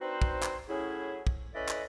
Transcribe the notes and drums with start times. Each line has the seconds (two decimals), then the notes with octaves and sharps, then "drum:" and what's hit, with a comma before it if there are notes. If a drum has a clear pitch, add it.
0.01 C4 D4 D#4 F#4 B4 C5
0.22 drum: kick
0.43 drum: clap
0.69 A2 F#3 C#4 E4 G#4
1.27 drum: kick
1.54 C#4 E4 A4 B4 D5 D#5
1.69 drum: clap